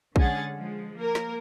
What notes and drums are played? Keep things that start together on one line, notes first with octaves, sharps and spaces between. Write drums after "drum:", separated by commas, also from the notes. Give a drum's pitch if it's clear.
D3 G#3 C#4 G#4 F#5 A6, drum: kick
F3 G#3
A#3 A#4
drum: snare